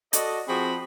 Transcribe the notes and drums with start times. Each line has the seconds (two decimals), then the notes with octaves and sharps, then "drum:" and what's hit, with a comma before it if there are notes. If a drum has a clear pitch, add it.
0.13 F#4 A4 D5 D#5, drum: hi-hat
0.48 F3 C4 F#4 G#4 G5 B5